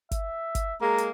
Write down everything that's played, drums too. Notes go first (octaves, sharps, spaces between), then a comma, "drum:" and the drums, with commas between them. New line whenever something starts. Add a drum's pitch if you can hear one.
E5, drum: kick G1, hi-hat
drum: kick G1, hi-hat
G#3 A#3 A#5
drum: hi-hat